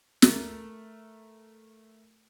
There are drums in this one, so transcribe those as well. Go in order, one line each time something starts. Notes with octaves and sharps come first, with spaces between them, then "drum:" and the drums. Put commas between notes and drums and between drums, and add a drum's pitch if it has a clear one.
A3 A4 A#4, drum: snare